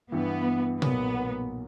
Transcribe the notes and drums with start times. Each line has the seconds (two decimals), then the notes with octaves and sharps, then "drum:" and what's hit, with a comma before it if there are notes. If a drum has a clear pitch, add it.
0.12 G2 E3 G3 B3
0.82 B1 A#2 F#3 A#3 B3, drum: tom B2